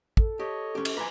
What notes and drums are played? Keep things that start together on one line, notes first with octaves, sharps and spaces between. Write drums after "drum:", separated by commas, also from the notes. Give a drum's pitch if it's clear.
A4, drum: kick
G4 C#5 D#5
C#4 G4
drum: cymbal
B4 C5 G#5 A#5 D6